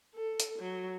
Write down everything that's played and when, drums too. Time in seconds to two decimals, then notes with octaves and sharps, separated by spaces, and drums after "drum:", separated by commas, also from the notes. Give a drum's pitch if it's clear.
0.15 A4
0.40 drum: hi-hat
0.59 F#3